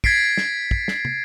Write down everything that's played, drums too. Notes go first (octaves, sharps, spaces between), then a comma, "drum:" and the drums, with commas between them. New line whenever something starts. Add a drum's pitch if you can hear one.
G#6 A6 B6 C7 D7, drum: kick
drum: snare
drum: kick
drum: snare
drum: tom